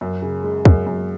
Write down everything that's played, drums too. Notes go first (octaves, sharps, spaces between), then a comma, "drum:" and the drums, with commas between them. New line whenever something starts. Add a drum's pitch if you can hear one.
F#2
C#3
G#3
F#2, drum: kick
F#2